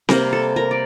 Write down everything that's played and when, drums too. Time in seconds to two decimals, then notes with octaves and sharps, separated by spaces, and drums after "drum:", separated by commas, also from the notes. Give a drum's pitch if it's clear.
0.09 C3 G3 A#3 A#4, drum: snare C4
0.33 A4
0.56 A#4
0.71 D5